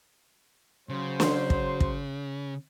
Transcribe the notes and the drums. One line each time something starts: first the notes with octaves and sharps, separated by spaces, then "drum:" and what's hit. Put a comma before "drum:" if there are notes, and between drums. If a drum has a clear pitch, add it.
C#3 F#3 C5
drum: snare
drum: kick
drum: kick